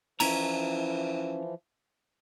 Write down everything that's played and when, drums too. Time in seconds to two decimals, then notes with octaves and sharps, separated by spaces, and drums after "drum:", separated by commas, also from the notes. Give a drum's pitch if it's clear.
0.20 E3 F3 C#4 E4 A#5, drum: cymbal